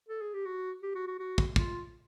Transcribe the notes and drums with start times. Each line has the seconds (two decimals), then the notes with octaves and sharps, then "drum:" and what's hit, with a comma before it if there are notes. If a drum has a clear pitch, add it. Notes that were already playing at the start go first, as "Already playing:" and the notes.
0.09 A4
0.21 G#4
0.34 G4
0.46 F#4
0.83 G4
0.95 F#4
1.07 F#4
1.19 F#4
1.38 drum: kick
1.56 F4, drum: kick